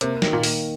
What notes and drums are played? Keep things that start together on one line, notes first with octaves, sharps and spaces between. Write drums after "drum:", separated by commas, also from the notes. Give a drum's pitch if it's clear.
C3 A#3, drum: hi-hat
D#3, drum: snare
A#2
A#3, drum: open hi-hat